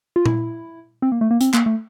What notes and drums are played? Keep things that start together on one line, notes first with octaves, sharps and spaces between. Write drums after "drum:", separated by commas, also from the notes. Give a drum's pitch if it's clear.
F4
E4, drum: tom A#2
C4
A#3
A3
A#3
C4, drum: hi-hat
A#3, drum: clap
A3